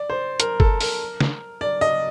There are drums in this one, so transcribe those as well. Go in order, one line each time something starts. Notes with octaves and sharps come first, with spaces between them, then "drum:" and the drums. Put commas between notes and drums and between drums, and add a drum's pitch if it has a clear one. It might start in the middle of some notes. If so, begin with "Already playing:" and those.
Already playing: D5
C5
A#4, drum: hi-hat
A4, drum: kick
A#4, drum: open hi-hat
drum: snare
D5
D#5